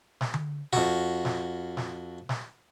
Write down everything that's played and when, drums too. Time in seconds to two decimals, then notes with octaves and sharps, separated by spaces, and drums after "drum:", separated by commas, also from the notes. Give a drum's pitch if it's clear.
0.21 drum: snare
0.34 drum: tom D3
0.73 F2 F#4, drum: snare
1.25 drum: snare
1.77 drum: snare
2.29 drum: snare